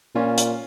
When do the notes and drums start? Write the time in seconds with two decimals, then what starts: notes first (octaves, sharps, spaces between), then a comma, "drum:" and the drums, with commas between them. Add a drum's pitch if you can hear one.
0.15 A#2 C#4 F4
0.37 drum: hi-hat